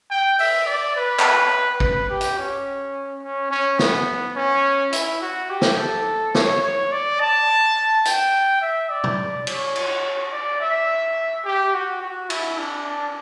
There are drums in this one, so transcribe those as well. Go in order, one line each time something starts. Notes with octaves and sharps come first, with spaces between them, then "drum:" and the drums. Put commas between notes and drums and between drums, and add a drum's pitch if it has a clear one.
G5
E5, drum: open hi-hat
D5
B4
drum: clap
B4, drum: kick
G4
drum: hi-hat
C#4
C#4
C#4
B3, drum: snare
C#4
E4, drum: hi-hat
F#4
G4
drum: snare
A4
C#5, drum: snare
C#5
D5
A5
G5, drum: hi-hat
E5
D5
drum: tom
C#5, drum: cymbal
drum: cymbal
D5
E5
G4
F#4
F#4
E4, drum: cymbal
D4